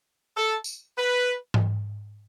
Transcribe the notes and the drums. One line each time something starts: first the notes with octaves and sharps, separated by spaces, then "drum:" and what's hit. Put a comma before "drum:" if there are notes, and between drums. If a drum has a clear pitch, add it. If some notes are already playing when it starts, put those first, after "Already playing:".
A4
drum: tambourine
B4
drum: tom G#2